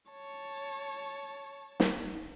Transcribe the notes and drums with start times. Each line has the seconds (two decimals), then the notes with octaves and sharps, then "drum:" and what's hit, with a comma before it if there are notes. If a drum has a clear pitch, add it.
0.11 C#5 A5
1.80 drum: snare